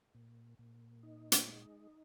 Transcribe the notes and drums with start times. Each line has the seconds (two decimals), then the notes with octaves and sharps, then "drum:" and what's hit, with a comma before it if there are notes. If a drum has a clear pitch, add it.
0.15 A#2
0.59 A#2
1.03 D#4
1.32 drum: hi-hat
1.47 G#3